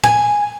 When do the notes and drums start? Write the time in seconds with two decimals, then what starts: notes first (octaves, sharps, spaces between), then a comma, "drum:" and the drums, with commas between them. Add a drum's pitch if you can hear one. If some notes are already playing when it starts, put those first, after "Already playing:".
0.04 G#5, drum: tom A2